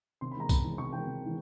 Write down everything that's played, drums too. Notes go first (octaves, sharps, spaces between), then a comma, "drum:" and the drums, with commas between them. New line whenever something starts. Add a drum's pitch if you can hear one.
C3 C6
B5
E3 G#3 A#5
C3 B5, drum: kick B1, tambourine
E3 G#3
C3 C#6
E3 G#3 G5
C3
E3 G#3